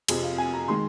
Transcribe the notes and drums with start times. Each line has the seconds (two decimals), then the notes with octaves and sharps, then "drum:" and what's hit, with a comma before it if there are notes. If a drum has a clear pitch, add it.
0.08 F2 C3 F3 G#4, drum: cymbal
0.23 F4
0.38 G#5
0.53 A#5
0.68 D#3 G#3 C6